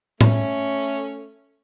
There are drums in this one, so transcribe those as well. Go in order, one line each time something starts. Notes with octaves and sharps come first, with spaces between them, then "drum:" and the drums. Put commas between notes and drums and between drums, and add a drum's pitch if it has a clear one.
A3 C#4, drum: tom A2